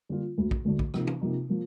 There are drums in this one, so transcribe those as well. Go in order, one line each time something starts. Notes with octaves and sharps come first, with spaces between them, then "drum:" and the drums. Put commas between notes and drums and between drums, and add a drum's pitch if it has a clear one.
D3 G3 A#3 F4
D2 D3 A3
drum: kick
D2 D3 A3
drum: kick
C3 F3 A#3 D#4, drum: rim click
drum: tom
C3 F3 A#3 D#4
F3 A#3